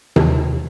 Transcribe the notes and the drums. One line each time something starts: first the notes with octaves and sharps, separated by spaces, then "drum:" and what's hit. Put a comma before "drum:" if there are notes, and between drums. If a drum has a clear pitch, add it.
D#2, drum: tom C3